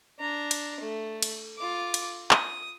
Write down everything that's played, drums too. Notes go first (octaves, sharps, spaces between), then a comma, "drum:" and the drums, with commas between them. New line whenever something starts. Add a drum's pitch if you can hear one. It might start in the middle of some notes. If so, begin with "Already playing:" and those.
D4 A#5
drum: cymbal
A3
drum: cymbal
F4 D6
drum: cymbal
D#6, drum: clap